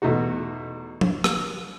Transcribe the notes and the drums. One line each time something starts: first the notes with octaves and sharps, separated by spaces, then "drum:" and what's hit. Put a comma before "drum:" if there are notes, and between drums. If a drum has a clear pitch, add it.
E2 B2 A3 D#4 F#4
drum: tom F3
drum: rim click